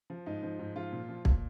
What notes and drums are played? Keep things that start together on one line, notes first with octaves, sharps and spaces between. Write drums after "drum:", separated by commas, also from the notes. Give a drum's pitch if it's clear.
F3
G#2 D#4
F3
G#2
F3 F4
A#2
F3
A#2, drum: kick